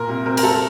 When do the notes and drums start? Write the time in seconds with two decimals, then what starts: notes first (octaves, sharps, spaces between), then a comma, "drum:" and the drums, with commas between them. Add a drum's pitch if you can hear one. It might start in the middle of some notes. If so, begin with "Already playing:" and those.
Already playing: A#2 A#4
0.09 C2
0.26 C4 A#4
0.37 A#4, drum: cymbal
0.43 G3 A4